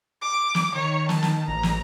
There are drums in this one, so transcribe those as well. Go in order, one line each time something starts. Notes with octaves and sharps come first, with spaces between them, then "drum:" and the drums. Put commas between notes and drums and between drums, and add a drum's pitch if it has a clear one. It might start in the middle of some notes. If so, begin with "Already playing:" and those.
D6
drum: snare
D#3 C#5
A5, drum: snare
drum: snare
A1 A#5
drum: snare